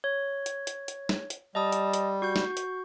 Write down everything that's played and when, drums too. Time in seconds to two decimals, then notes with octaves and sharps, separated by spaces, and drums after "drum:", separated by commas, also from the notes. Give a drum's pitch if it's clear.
0.04 C#5
0.46 drum: hi-hat
0.67 drum: hi-hat
0.88 drum: hi-hat
1.09 drum: snare
1.30 drum: hi-hat
1.55 G3 D#5 A5 D#6
1.72 drum: hi-hat
1.94 drum: hi-hat
2.22 F#4 C#6 G6
2.36 drum: snare
2.57 drum: hi-hat